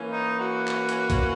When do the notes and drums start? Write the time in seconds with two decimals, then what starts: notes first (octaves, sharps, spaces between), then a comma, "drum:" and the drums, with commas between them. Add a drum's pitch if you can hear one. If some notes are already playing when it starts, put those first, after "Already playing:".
Already playing: E3 A#3 C#4
0.11 D#4
0.40 F#4
0.68 drum: clap
0.89 drum: hi-hat
1.10 drum: kick A#1, hi-hat